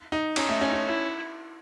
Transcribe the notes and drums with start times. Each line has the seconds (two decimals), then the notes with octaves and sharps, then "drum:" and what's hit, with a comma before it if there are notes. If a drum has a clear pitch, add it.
0.12 D#4
0.36 C#4 D#4, drum: cymbal
0.49 A3
0.61 C#4
0.73 C#4
0.85 E4